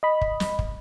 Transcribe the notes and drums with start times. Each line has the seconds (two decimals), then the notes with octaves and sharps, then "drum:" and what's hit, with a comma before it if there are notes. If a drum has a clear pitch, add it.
0.03 D#5 B5
0.21 drum: kick
0.40 drum: snare
0.59 drum: kick